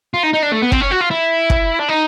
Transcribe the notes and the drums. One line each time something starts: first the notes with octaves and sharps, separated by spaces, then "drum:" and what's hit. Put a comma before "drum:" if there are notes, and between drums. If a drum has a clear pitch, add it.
F4
D#4
D#4
D4
A3
B3
C4, drum: kick
C#4
F#4
F4
E4
drum: kick
D4
D#4